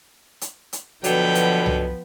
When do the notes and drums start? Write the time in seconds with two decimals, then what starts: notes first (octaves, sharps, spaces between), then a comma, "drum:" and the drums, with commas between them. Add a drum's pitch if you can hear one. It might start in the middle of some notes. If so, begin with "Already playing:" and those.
0.41 drum: hi-hat
0.73 drum: hi-hat
1.04 B2 D3 F3 F#3 B3 B4 G5, drum: hi-hat
1.35 drum: hi-hat
1.66 drum: tom C2